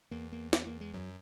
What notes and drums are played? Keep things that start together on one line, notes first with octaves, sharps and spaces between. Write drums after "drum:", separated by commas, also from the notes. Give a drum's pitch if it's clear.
E2 A#3
A#3
B3, drum: snare
A#3
G#3
F#2 F#3